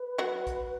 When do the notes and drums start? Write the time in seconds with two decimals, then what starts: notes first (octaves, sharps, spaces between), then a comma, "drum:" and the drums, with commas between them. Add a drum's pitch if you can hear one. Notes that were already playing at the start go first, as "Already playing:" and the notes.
Already playing: B4
0.18 F#3 F#4
0.47 drum: kick, hi-hat